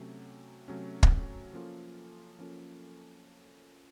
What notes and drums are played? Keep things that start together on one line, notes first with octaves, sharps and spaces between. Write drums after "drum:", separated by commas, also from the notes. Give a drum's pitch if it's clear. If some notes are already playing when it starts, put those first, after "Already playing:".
Already playing: C3 F#3 A3 C#4
C3 F#3 A3 C#4
drum: kick
F3 A#3 C#4 F4 A4
F3 A#3 C#4 F4 A4